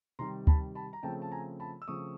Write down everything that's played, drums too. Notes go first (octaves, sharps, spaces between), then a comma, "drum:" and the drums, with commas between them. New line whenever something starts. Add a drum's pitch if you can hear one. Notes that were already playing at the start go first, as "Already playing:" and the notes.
C3 D#3 G3 A#5 C6
A5 B5, drum: kick D2
A5 B5
A#5
C#3 F3 A3 C4 G5 A5
A5
G#5 A#5
A5 B5
E6
C#3 F3 A3 C4 C#6 D#6